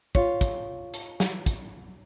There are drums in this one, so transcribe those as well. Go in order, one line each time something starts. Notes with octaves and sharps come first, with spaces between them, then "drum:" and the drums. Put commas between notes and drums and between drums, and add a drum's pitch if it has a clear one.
F4 C#5, drum: kick
drum: kick, hi-hat
drum: hi-hat
drum: snare
drum: kick, hi-hat